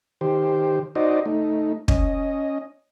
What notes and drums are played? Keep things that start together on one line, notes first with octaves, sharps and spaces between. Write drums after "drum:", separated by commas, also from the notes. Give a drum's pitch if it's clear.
D#3 G4 C5
D#4 F#4 C5 D5 D#5
A3 D#4
C#4 D#5, drum: kick